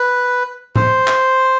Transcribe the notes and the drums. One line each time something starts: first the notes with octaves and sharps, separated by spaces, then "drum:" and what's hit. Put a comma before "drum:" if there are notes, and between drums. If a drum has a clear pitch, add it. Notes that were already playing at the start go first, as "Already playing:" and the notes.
Already playing: B4
C5, drum: tom A2
drum: clap